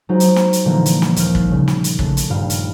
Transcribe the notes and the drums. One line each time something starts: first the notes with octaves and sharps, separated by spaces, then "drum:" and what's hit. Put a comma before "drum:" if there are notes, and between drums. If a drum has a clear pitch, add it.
F#3 G#3 D#4 F4 G#4 C5
drum: hi-hat
drum: snare
drum: hi-hat
A#2 D3 E3 F3 G3 A#3
drum: hi-hat
drum: snare
D#2 F6, drum: hi-hat
drum: kick
C#3
drum: snare
drum: hi-hat
C#3 A3, drum: kick
drum: hi-hat
D#1 G2 F5 B5 F6
drum: hi-hat